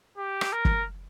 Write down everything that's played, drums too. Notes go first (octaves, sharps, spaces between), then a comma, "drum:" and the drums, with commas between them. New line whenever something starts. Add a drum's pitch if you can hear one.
G4
drum: rim click
A#4
drum: kick